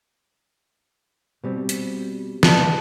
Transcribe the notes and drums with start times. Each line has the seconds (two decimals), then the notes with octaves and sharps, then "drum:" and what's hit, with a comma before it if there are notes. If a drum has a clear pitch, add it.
1.44 B2 G3 C4
1.69 drum: hi-hat
2.43 A5, drum: snare